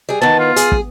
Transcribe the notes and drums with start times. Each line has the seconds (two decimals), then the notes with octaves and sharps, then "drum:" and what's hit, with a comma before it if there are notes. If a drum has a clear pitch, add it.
0.09 G3 G#4
0.22 D#3 E3 B3 A5
0.40 F4
0.56 G#4, drum: hi-hat
0.72 drum: kick